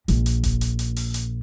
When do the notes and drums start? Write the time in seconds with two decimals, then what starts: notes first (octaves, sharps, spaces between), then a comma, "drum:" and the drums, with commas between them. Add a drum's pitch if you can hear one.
0.08 A#1 A#2, drum: hi-hat
0.26 drum: hi-hat
0.44 drum: kick F1, hi-hat
0.61 drum: hi-hat
0.79 drum: hi-hat
0.96 drum: open hi-hat
1.14 drum: hi-hat